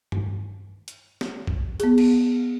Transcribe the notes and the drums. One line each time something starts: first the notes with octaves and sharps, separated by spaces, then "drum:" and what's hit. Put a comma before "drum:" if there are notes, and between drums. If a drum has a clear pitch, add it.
drum: tom G2
drum: hi-hat
drum: snare
drum: kick
B3 G#4, drum: hi-hat
drum: cymbal